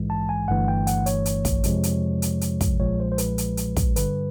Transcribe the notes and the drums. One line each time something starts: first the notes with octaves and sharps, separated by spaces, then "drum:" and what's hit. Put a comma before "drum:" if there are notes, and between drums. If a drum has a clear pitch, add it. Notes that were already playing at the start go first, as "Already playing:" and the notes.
Already playing: A#1 G#2 E3 G#3
A5
G#5
G1 G2 E3 A3 F#5
G5
F#5, drum: hi-hat
C#5, drum: hi-hat
drum: hi-hat
drum: kick, hi-hat
F2 C3 F3 G#3, drum: hi-hat
drum: hi-hat
drum: hi-hat
drum: hi-hat
drum: kick, hi-hat
B1 A#2 F3 G#3 C#5
C5
C5
B4, drum: hi-hat
drum: hi-hat
drum: hi-hat
drum: kick, hi-hat
G2 D3 G3 B4, drum: hi-hat